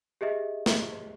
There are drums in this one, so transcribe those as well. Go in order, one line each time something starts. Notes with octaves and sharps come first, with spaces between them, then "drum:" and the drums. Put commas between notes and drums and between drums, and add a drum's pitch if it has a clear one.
G4 G#4 D#5 E5
drum: snare